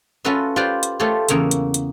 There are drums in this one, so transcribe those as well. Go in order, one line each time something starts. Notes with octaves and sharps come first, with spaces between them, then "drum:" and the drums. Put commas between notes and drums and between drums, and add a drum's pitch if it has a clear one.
C#4 F4 F#4 A4 B4 E5
F4 G4 B4 C5 D5
drum: hi-hat
A3 F4 G4 A4 C5 C#5
E2 C#3 A#3 C#5 E5, drum: hi-hat
drum: hi-hat
drum: hi-hat